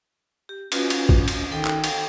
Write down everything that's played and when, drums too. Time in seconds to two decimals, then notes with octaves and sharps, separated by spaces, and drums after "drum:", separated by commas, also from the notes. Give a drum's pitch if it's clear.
0.49 G4
0.72 C#4 F4 F#4 B4, drum: cymbal
0.90 drum: cymbal
1.09 drum: kick
1.28 drum: cymbal
1.52 D#3 A4 G5
1.65 drum: clap
1.84 drum: cymbal